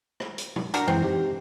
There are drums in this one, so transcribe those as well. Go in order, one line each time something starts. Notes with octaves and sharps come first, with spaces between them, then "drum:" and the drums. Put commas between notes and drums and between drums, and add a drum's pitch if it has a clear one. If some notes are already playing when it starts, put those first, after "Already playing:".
drum: rim click
drum: hi-hat
drum: tom
D4 F#4 A#4, drum: hi-hat
F#2 E3 G#3 C4
D#4 G4